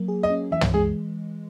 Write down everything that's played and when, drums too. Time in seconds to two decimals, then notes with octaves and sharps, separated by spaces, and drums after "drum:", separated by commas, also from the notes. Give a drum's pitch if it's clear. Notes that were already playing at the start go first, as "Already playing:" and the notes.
Already playing: F#3 A#3
0.08 G#4
0.23 D#5
0.30 C#4
0.52 E3 E5
0.61 drum: tom
0.74 G#3 G#4